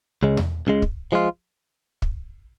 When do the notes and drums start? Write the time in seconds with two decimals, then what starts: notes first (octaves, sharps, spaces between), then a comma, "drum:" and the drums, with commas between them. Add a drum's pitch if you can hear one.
0.23 C#2 C#3 G#3
0.37 drum: tom E2
0.67 C#2 C#3 G#3
0.82 drum: kick
1.12 F3 G#3 F4
2.02 drum: kick